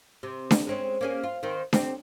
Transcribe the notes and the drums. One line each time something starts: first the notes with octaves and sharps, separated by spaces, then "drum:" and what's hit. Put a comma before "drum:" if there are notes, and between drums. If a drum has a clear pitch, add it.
C3
drum: snare D4
G#3 C4 C#4
A#3 C#4 G#4
F4
D#3 C4
C4 G4, drum: snare D4